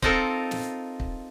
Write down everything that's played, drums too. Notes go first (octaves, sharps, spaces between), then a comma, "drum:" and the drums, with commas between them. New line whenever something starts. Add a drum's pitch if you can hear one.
C4 D#4 F4 A4 A#4, drum: kick
drum: snare
drum: kick